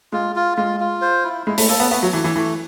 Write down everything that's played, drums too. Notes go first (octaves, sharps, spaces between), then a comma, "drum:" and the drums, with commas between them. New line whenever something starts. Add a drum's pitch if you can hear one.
G#3 F4
F4
G#3 F4
F4
C5
E4
G#3 E4
A3, drum: open hi-hat
A#3 A4
B3
A3 B3
F#3
E3 A3
E3
E3 A3